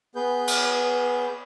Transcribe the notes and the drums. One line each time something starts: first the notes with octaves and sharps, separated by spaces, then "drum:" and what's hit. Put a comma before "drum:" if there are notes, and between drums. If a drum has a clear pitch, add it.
B3 G#4 B4 G6
drum: cymbal